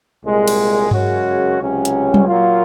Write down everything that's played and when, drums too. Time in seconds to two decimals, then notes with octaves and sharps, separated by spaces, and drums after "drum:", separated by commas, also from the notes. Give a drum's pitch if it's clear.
0.24 C2 A#2 G#3
0.48 drum: cymbal
0.91 F#2 C#3 G#3 C#4 F#4, drum: tom G2
1.60 C#2 C3 F#3 C#4
1.85 drum: hi-hat
2.14 drum: tom F#3
2.28 A#2 F#3 A#3 F4